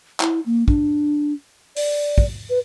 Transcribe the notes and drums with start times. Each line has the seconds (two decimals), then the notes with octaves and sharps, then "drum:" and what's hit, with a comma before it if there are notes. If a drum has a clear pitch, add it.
0.20 E4, drum: clap
0.46 A#3
0.68 D4, drum: kick
1.76 D5, drum: open hi-hat
2.18 drum: kick
2.50 B4